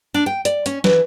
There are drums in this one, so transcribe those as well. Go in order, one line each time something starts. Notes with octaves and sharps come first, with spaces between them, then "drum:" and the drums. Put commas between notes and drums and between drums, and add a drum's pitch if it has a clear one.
D4
G5
D5, drum: hi-hat
C#4, drum: hi-hat
E3, drum: snare